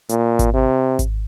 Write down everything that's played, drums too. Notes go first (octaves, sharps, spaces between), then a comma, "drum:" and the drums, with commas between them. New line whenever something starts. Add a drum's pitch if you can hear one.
A#2, drum: hi-hat
drum: kick G#1, hi-hat
C3
drum: kick G#1, hi-hat